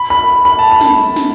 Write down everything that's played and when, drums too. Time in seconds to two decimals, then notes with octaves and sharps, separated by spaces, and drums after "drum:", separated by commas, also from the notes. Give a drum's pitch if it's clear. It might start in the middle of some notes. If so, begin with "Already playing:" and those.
Already playing: B5
0.10 B5
0.45 B5
0.59 A5
0.72 B5
0.81 drum: snare
1.16 drum: snare